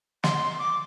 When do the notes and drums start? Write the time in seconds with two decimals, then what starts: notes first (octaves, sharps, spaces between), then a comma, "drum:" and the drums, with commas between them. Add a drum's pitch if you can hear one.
0.24 C6, drum: snare
0.59 D6